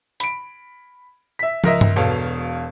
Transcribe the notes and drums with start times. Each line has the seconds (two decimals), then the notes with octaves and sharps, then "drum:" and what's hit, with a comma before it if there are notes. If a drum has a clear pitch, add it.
0.20 B5 D7, drum: hi-hat
1.39 E5 B6
1.64 C#2 A#4 D#5 E5, drum: tom
1.81 drum: tom G2
1.96 E1 B2 A4 C#5 F5